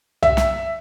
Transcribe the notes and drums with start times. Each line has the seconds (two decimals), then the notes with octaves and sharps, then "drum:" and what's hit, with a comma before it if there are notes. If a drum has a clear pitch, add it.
0.23 E5, drum: tom C2
0.37 drum: snare